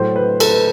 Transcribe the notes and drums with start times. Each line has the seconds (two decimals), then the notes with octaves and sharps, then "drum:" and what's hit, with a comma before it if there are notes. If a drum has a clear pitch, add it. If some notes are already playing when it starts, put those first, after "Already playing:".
Already playing: A2 F#3 A3 C5
0.16 B4
0.40 A4, drum: cymbal
0.50 B4